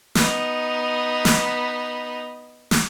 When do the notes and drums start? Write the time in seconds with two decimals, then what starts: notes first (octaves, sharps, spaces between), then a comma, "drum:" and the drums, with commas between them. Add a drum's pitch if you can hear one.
0.15 B3 D#4, drum: snare
1.25 drum: snare
2.71 drum: snare